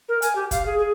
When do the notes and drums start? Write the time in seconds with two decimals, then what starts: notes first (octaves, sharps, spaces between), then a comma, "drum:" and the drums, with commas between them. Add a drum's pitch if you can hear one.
0.09 A#4
0.22 G#5, drum: hi-hat
0.36 G4
0.51 F5, drum: kick, hi-hat
0.66 G#4
0.78 G#4